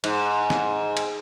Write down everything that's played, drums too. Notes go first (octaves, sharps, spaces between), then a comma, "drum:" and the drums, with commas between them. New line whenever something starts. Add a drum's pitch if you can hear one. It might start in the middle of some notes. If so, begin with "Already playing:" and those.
G#2, drum: cymbal
drum: snare
drum: cymbal